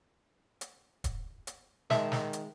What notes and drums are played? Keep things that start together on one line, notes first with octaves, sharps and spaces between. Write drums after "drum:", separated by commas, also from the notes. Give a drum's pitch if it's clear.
drum: hi-hat
drum: kick D#1, hi-hat
drum: hi-hat
D#3 G#3 E5 A5, drum: snare
drum: snare
drum: hi-hat